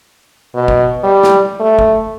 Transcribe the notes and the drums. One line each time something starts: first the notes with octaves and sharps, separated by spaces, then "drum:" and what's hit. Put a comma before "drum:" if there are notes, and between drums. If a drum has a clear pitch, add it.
B2
drum: kick
G3
drum: snare
A3
drum: kick